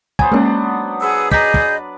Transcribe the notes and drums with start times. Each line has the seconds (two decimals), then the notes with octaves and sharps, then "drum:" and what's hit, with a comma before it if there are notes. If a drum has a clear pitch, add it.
0.19 F#3 B3 C5 G#5, drum: kick
0.32 G#3 A#3 C#4 D4 F#5
1.02 G#4 B4 F#5 E6
1.31 G#4 D5 D#5 A#5 G6 B6, drum: kick
1.54 drum: kick